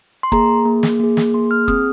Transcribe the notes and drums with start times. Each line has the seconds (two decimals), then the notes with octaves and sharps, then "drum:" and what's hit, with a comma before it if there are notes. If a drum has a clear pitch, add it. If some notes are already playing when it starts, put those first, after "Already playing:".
0.23 C6
0.32 A#3 G#4 A#5, drum: kick
0.65 A#3 G#4
0.83 drum: snare
1.00 A#3 G#4
1.17 drum: snare
1.34 A#3 G#4 C6
1.51 F6
1.68 C4 G#4 D#6, drum: kick